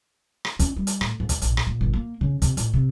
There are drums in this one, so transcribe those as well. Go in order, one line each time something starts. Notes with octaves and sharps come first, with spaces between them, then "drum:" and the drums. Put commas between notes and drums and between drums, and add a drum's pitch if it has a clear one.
drum: rim click
C#4, drum: kick, hi-hat
G3
drum: hi-hat
A2, drum: rim click
G#2
drum: kick, hi-hat
A#1, drum: hi-hat
drum: rim click
A#2
G1
A#3
C#3
C3, drum: kick, hi-hat
A2, drum: hi-hat
C3